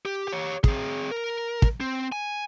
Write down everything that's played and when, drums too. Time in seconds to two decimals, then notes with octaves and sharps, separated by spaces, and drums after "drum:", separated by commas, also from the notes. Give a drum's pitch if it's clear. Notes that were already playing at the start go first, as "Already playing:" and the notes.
0.05 G4
0.28 G4 C#5
0.64 C4 G#4, drum: kick
1.11 A#4
1.62 drum: kick
1.80 C4
2.12 G#5